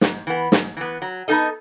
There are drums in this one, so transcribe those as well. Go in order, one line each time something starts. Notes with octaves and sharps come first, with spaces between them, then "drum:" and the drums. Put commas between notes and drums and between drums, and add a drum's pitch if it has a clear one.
G#2, drum: snare
E3 B3
G#2, drum: snare
E3 B3
F#3
B3 D#4 A4 D#5